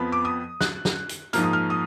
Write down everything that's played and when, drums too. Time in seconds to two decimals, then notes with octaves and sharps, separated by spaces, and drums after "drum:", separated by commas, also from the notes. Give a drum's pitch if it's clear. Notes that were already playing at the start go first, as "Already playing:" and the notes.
Already playing: F2 F3 B3 B5
0.12 D6
0.25 D#6
0.61 F#6, drum: snare
0.85 drum: snare
1.09 drum: hi-hat
1.33 G#2 F3 A#3 F6, drum: hi-hat
1.43 D#6
1.53 F6
1.70 D#6